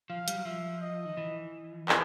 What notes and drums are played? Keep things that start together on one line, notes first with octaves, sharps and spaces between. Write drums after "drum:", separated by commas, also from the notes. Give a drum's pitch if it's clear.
F3 F5
G3, drum: hi-hat
F#3
F3 E5
D#5
D#3
E3
E3, drum: clap